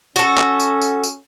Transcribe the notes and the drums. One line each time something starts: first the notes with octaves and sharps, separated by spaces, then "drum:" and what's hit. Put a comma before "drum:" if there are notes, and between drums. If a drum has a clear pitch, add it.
C#4 F#4 A4, drum: tambourine
drum: clap
drum: tambourine
drum: tambourine
drum: tambourine